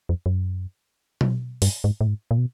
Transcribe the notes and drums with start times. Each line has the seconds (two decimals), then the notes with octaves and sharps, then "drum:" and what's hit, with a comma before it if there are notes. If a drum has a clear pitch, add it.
0.09 F2
0.26 F#2
1.21 drum: tom B2
1.62 G2, drum: open hi-hat
1.84 G#2
2.01 A2
2.07 G#2
2.31 A#2
2.38 B2